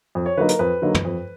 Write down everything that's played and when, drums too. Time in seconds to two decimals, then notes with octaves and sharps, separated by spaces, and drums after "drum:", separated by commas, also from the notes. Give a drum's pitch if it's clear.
0.15 F2
0.26 C#5
0.37 D3 F#3 A#3 D#4 B4
0.49 A#4, drum: hi-hat
0.59 F2 B4
0.82 D3 F#3 A#3 D#4
0.95 drum: tom
1.05 F2